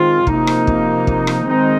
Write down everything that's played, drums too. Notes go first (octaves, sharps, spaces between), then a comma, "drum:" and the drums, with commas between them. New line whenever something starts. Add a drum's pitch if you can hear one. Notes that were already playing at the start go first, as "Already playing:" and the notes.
Already playing: D#3 G#3 C4 F4
C3 F3 A#3 D#4, drum: kick
drum: rim click
drum: kick
drum: kick
drum: rim click
D#3 G#3 C4 D#4